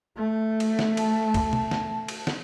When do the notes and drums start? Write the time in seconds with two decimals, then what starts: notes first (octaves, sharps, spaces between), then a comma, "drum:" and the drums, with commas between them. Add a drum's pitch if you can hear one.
0.17 A3
0.60 drum: cymbal
0.79 drum: snare
0.97 A5, drum: cymbal
1.34 drum: kick, cymbal
1.53 drum: tom
1.71 drum: snare
2.08 drum: cymbal
2.27 drum: snare